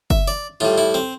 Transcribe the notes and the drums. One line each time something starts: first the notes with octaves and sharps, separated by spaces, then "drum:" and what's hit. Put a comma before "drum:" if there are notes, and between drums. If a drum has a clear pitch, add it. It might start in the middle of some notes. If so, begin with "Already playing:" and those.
E5, drum: kick F#1
D5
A2 G3 F4
E4
C4